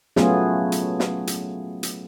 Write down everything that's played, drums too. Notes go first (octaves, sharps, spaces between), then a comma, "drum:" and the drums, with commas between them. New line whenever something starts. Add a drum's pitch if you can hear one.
F#3 A3 B3 C#4 F4 G#4, drum: snare
drum: hi-hat
drum: snare
drum: hi-hat
drum: hi-hat